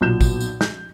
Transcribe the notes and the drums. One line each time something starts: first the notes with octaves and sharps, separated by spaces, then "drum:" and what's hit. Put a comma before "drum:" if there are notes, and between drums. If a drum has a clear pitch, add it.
B1 A#2 G6 E7
drum: kick, tambourine
drum: tambourine
G6, drum: snare